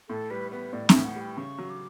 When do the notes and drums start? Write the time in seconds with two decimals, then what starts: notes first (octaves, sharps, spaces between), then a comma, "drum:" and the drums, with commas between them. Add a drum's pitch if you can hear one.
0.09 A2 A4
0.30 G3 B4
0.52 B3 B4
0.73 A2 D5
0.89 E5, drum: snare C4
0.94 A2
1.04 F#5
1.15 G3
1.21 G5
1.37 C#3 C#6
1.58 F#3
1.70 D6